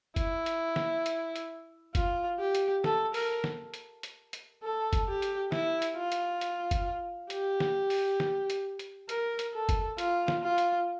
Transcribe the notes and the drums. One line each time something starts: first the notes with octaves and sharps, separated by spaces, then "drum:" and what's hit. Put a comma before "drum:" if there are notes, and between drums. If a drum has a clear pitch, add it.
E4, drum: kick F#1, hi-hat
drum: hi-hat
drum: snare
drum: hi-hat
drum: hi-hat
F4, drum: kick F#1, hi-hat
G4
drum: hi-hat
A4, drum: snare
A#4, drum: open hi-hat
drum: snare
drum: hi-hat
drum: hi-hat
drum: hi-hat
A4
drum: kick F#1, hi-hat
G4
drum: hi-hat
E4, drum: snare
drum: hi-hat
F4
drum: hi-hat
drum: hi-hat
drum: kick F#1, hi-hat
G4, drum: hi-hat
drum: snare
drum: open hi-hat
drum: snare
drum: hi-hat
drum: hi-hat
A#4, drum: hi-hat
drum: hi-hat
A4
drum: kick F#1, hi-hat
F4, drum: hi-hat
drum: snare
F4
drum: hi-hat